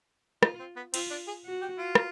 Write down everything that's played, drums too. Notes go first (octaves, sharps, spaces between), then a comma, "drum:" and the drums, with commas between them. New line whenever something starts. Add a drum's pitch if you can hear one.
D#4 F4, drum: rim click
C4
B3
C4 F4, drum: cymbal
D4
G#4
F#4
G4
F4
drum: rim click